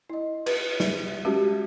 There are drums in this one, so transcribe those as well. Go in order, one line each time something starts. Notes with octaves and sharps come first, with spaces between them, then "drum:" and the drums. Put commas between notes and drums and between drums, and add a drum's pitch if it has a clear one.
E4 D#5
B4, drum: cymbal
G3, drum: snare
G3 G#3 C#4 F#4 G4